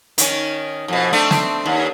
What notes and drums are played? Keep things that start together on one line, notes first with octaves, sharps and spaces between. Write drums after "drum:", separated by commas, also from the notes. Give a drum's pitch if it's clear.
D#3 C#4, drum: hi-hat
F2 B2
A3 C4 D4
drum: snare
D#2